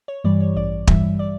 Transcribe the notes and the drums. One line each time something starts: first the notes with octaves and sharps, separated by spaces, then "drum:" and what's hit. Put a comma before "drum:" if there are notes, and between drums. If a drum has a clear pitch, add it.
C#5
G2 E3 G3 D5
C#5
A1 D5
G2 E3 G3 E5, drum: kick
D5